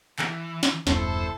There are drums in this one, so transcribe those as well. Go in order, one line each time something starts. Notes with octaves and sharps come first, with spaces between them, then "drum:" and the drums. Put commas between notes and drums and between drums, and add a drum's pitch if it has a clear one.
E3, drum: clap
drum: snare
E1 G2 B2 E4 A4 C5, drum: snare